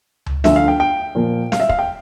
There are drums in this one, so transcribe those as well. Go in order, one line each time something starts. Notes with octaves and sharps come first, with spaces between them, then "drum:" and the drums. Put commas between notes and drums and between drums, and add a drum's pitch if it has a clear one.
drum: tom C#2
D2 D3 F3 A3 E5, drum: snare
F5
G5
G5
A#2 F3 A#3
F5, drum: snare
E5
F5, drum: kick
G5